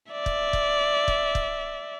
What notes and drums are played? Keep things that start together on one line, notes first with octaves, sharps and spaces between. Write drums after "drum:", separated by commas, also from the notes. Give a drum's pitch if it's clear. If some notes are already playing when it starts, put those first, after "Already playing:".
D5 E5
drum: kick
drum: kick
drum: kick
drum: kick